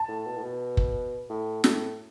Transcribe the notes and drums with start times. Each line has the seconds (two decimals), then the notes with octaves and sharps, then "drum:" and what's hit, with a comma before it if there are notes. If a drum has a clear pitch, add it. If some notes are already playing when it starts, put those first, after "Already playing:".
Already playing: A5
0.08 A2
0.26 B2
0.37 A2
0.43 B2
0.77 drum: kick
1.29 A2
1.64 A2, drum: snare